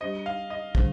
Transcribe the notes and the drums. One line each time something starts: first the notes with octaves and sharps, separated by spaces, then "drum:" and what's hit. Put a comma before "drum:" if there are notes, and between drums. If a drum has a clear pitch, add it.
G3 D4 G4 C5 D#5
F5
D#5
D3 G3 D4 G#4 C5, drum: kick